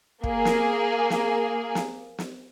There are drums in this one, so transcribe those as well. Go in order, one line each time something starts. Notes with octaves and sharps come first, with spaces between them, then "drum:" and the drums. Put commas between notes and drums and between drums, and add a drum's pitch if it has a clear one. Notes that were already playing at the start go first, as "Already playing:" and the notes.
A#3 G#4, drum: kick
drum: snare
drum: snare
drum: snare
drum: snare